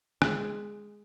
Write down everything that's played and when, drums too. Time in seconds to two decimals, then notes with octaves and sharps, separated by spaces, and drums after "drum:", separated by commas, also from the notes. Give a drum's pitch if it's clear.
0.22 G#3, drum: rim click